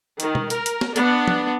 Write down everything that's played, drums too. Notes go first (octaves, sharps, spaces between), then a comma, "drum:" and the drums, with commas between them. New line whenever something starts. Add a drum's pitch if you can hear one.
D#3, drum: hi-hat
drum: tom
A#4, drum: hi-hat
drum: hi-hat
drum: snare
B3 D4, drum: hi-hat
drum: tom